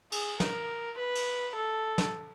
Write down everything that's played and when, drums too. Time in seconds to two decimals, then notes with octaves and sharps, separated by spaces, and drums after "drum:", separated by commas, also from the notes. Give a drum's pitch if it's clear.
0.12 G#4, drum: cymbal
0.40 A#4, drum: snare
0.98 B4
1.15 drum: cymbal
1.55 A4
1.98 drum: snare